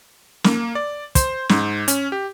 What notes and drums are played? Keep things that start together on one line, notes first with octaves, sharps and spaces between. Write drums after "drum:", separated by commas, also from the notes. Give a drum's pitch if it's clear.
A#3, drum: snare
D5
C5, drum: kick, hi-hat
G#2, drum: snare
C#4, drum: hi-hat
G4